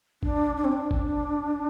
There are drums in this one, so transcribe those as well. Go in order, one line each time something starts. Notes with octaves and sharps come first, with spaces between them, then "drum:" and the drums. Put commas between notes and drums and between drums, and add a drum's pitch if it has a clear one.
D4, drum: kick
D4
C4
D4
drum: kick